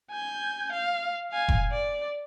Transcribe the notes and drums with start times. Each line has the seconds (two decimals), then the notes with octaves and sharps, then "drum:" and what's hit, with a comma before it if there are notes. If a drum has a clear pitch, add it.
0.11 G#5 G6
0.73 F5
1.32 F5 G#5
1.48 drum: kick F1
1.72 D5